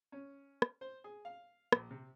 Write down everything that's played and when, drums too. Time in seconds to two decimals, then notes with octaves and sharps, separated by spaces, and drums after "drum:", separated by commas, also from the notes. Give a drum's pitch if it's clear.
0.12 C#4
0.62 drum: rim click
0.81 C5
1.04 G#4
1.25 F5
1.72 A#1, drum: rim click
1.90 C3